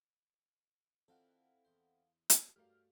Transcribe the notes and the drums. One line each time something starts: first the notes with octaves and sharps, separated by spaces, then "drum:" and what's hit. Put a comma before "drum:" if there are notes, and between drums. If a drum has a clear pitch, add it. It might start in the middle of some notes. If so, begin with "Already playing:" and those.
D#3 C4 E4 F4 A4 D5 F5 F#5
E2 C5
drum: hi-hat
G2 F#3 G3 A3 G4 A#4 F5 F6